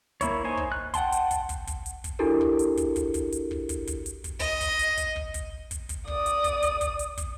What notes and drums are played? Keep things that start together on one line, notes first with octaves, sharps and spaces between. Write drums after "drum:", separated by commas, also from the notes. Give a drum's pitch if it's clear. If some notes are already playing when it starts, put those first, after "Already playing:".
A#3 E4 C#5, drum: kick, hi-hat
D#4 C5 C#5 G#5
drum: kick
F#6
F#5 G5 A5 C6, drum: kick, hi-hat
drum: hi-hat
drum: kick, hi-hat
drum: kick, hi-hat
drum: kick, hi-hat
drum: hi-hat
drum: kick, hi-hat
D4 E4 F#4 G4 A4 A#4
drum: kick
drum: hi-hat
drum: kick, hi-hat
drum: kick, hi-hat
drum: kick, hi-hat
drum: hi-hat
drum: kick
drum: kick, hi-hat
drum: kick, hi-hat
drum: hi-hat
drum: kick, hi-hat
D#5, drum: kick, hi-hat
drum: kick, hi-hat
drum: hi-hat
drum: kick, hi-hat
drum: kick
drum: kick, hi-hat
drum: kick, hi-hat
drum: kick, hi-hat
D5 D#6, drum: kick
drum: hi-hat
drum: kick, hi-hat
drum: kick, hi-hat
drum: kick, hi-hat
drum: hi-hat
drum: kick, hi-hat